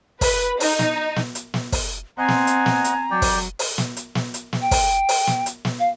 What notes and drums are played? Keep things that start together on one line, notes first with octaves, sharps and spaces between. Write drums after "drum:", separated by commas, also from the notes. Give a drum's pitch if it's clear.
B4, drum: kick, open hi-hat
D#4, drum: open hi-hat
drum: snare
drum: snare
drum: hi-hat
drum: snare
drum: kick, open hi-hat
C4 C5 D#5 F#5 G#5 A#5
drum: snare
drum: hi-hat
drum: snare
drum: hi-hat
F#3 D5 G5
drum: kick, open hi-hat
drum: open hi-hat
drum: snare
drum: hi-hat
drum: snare
drum: hi-hat
drum: snare
G5
drum: kick, open hi-hat
drum: open hi-hat
drum: snare
drum: hi-hat
drum: snare
F5